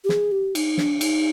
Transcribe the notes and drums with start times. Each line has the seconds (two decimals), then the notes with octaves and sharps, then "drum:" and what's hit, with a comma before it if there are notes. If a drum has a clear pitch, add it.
0.04 G4
0.09 G#4, drum: snare
0.32 G4
0.55 D#4, drum: cymbal
0.78 D4, drum: snare
1.01 D#4, drum: cymbal